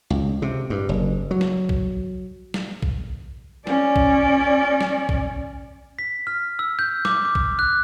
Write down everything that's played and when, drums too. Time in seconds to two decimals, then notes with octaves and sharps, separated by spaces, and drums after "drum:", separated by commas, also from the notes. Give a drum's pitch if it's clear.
0.10 C#2
0.42 C3
0.70 G2
0.89 F#1
1.31 F#3
1.41 drum: snare
1.69 drum: kick A#1
2.54 drum: snare
2.82 drum: kick A#1
3.67 C#4 D5, drum: snare
3.96 drum: kick A#1
4.81 drum: snare
5.09 drum: kick A#1
5.99 B6
6.27 F6
6.59 E6
6.79 G6
7.05 D6, drum: snare
7.25 D6
7.35 drum: kick A#1
7.59 F#6